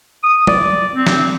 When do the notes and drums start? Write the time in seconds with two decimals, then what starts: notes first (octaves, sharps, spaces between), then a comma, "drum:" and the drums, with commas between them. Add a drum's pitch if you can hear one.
0.23 D#6
0.47 D5, drum: tom
0.95 C4
1.07 drum: snare